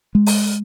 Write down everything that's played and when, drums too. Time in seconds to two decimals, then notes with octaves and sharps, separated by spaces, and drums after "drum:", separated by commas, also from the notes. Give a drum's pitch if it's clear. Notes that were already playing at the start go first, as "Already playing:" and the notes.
0.15 G#3
0.26 drum: open hi-hat